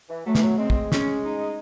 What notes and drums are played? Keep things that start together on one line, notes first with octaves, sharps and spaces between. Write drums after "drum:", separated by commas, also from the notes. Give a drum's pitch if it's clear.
E3
F#3 A3
E3, drum: snare
F#3
G#3 C4
drum: kick
C#4, drum: snare
D#4